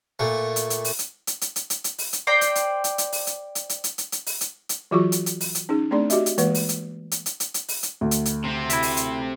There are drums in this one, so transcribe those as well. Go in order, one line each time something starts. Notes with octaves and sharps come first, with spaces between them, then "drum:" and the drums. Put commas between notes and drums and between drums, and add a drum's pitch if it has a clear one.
A#2 A3
drum: hi-hat
drum: hi-hat
drum: open hi-hat
drum: hi-hat
drum: hi-hat
drum: hi-hat
drum: hi-hat
drum: hi-hat
drum: hi-hat
drum: open hi-hat
drum: hi-hat
C5 D5 G5 A#5
drum: hi-hat
drum: hi-hat
drum: hi-hat
drum: hi-hat
drum: open hi-hat
drum: hi-hat
drum: hi-hat
drum: hi-hat
drum: hi-hat
drum: hi-hat
drum: hi-hat
drum: open hi-hat
drum: hi-hat
drum: hi-hat
E3 F#3 F4 F#4 G#4 C#6
drum: hi-hat
drum: hi-hat
drum: open hi-hat
drum: hi-hat
C#4 D#4 G#4
A3 C4 D4 G#4 D5 C6
F#4 G4 D#5 E5, drum: hi-hat
drum: hi-hat
E3 G#3 A#3 B4, drum: hi-hat
drum: open hi-hat
drum: hi-hat
drum: hi-hat
drum: hi-hat
drum: hi-hat
drum: hi-hat
drum: open hi-hat
drum: hi-hat
D2
drum: hi-hat
drum: hi-hat
C3 C4
E4 E5, drum: hi-hat
drum: open hi-hat
drum: hi-hat